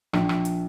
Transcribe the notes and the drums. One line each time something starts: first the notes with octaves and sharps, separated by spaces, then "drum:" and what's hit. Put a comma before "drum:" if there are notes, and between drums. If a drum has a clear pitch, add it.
A#1, drum: rim click
drum: rim click
drum: hi-hat